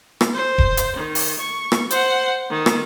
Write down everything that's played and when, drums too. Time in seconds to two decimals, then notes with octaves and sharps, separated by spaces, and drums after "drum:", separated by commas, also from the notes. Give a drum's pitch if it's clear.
0.21 drum: rim click
0.33 C5
0.58 drum: kick E1
0.77 drum: hi-hat
0.96 D#3
1.15 drum: open hi-hat
1.39 C#6
1.72 drum: rim click
1.91 C5 F#5, drum: hi-hat
2.50 D#3
2.66 drum: rim click